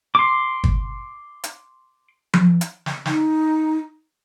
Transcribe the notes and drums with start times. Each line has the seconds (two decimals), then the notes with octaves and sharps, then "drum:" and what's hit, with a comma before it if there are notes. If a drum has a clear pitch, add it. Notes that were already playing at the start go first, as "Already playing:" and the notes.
0.15 C6 D6
0.64 drum: kick G1
1.44 drum: hi-hat
2.34 drum: tom F3
2.61 drum: hi-hat
2.86 drum: snare
3.06 D#4, drum: snare